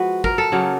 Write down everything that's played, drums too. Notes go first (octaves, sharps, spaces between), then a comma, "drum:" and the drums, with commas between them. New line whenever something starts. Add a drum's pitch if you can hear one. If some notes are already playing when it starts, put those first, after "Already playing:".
Already playing: F3 G#3 F#4 B4
A#4, drum: kick
A4
C#3 F#3 A#3